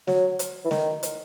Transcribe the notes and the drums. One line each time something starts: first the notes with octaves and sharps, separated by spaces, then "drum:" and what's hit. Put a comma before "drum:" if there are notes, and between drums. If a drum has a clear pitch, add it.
F#3, drum: snare
drum: hi-hat
E3
D#3, drum: snare
drum: hi-hat